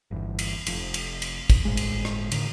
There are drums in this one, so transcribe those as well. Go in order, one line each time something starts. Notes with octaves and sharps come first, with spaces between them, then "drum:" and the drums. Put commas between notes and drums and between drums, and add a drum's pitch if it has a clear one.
G1 E2
drum: cymbal
F1 F2, drum: cymbal
drum: cymbal
drum: cymbal
drum: kick, cymbal
G1 D#2 A2 G#3
drum: cymbal
drum: rim click
A2 D3 D#3, drum: cymbal